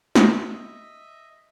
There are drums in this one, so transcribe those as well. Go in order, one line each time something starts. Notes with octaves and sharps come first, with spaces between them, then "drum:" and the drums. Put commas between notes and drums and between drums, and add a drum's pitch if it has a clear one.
D#5 E5, drum: snare